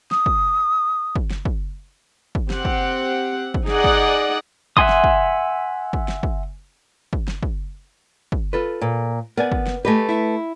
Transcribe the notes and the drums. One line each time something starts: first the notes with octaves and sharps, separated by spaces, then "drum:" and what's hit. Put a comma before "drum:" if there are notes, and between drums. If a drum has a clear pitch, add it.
D#6, drum: snare
drum: kick
drum: kick
drum: snare
drum: kick
drum: kick
C4 G4 F#5, drum: snare
drum: kick
drum: kick
D#4 G#4 D5 D#5 F#5, drum: snare
drum: kick
E5 F#5 G#5 C6 D#6, drum: kick
drum: snare
drum: kick
drum: kick
drum: snare
drum: kick
drum: kick
drum: snare
drum: kick
drum: kick
F4 A4 B4
A#2
B3 A#4 D5 G#5
drum: kick
drum: snare
A3 G4 B4 D#5 G#5
E4 E5